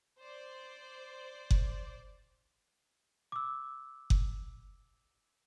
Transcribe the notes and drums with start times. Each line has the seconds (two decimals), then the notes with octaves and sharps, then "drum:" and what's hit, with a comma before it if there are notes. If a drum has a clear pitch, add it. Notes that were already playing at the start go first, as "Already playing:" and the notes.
0.21 C5 D5
1.51 drum: kick F#1
3.32 D6 E6
4.10 drum: kick F#1